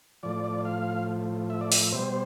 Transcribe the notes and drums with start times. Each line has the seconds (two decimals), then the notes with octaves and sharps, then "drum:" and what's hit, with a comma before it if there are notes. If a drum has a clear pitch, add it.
0.23 A2 F3 D5
0.65 F5
1.50 E5
1.61 D5
1.72 E5, drum: open hi-hat
1.92 B2 G3 C5